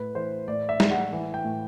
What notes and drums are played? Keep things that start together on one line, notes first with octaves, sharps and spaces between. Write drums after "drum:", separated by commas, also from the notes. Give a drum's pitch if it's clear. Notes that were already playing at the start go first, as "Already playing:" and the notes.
Already playing: A2 B4
E3 C5
A2 D5
E5
E3, drum: snare
F#5
E3
G5
A2